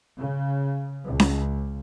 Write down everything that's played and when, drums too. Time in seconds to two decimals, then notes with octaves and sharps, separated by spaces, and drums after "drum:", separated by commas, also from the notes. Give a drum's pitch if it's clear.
0.18 C#3
1.08 C#2
1.20 drum: snare C#4